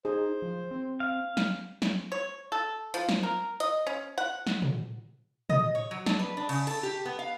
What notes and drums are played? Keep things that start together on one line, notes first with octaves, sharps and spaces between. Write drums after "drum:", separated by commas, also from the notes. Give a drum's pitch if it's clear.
D#4 G#4 C5
F3
C4
F5
drum: snare
drum: snare
C#5
A4
F3, drum: hi-hat
drum: snare
A#4
D#5, drum: hi-hat
C#4
F#5
drum: snare
drum: tom
D#5, drum: tom
C#5
F#3
D4, drum: snare
B4
D4
C#3, drum: cymbal
A4, drum: cymbal
G4
B3
F5